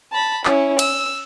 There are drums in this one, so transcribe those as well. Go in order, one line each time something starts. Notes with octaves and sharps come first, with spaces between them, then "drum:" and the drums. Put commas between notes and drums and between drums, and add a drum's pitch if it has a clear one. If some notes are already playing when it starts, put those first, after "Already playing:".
A5 B5
C#4 E4, drum: clap
E6, drum: cymbal